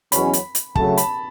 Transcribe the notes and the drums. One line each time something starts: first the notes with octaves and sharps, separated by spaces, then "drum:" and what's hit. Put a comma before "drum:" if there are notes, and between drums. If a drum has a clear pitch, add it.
E2 B2 F#3 C#4 B5, drum: hi-hat
drum: hi-hat
drum: hi-hat
C#3 F#3 A3 A5, drum: kick
B5, drum: hi-hat